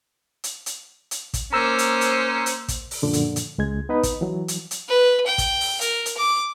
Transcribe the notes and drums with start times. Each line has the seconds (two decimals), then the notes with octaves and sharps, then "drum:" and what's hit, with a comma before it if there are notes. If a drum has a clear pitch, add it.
0.44 drum: hi-hat
0.66 drum: hi-hat
1.11 drum: hi-hat
1.34 drum: kick, hi-hat
1.53 A#3 C#4 C5 A#5 D6 E6
1.78 drum: hi-hat
2.01 drum: hi-hat
2.46 drum: hi-hat
2.68 drum: kick, hi-hat
2.91 drum: open hi-hat
3.02 F#2 A#2 D3 F3
3.13 drum: hi-hat
3.36 drum: hi-hat
3.58 C#2 G#3 G#6
3.89 B3 D#4 B4 D#5 B5
4.03 drum: kick, hi-hat
4.21 E3 F#3
4.48 drum: hi-hat
4.71 drum: hi-hat
4.89 B4
5.27 G5
5.38 drum: kick, hi-hat
5.61 drum: open hi-hat
5.81 A#4, drum: hi-hat
6.06 drum: hi-hat
6.17 D6